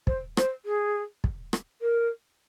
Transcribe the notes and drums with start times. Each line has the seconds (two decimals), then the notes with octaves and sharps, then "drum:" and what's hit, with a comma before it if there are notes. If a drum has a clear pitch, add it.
0.07 C5, drum: kick
0.37 C5, drum: rim click
0.65 G#4
1.24 drum: kick
1.53 drum: rim click
1.81 A#4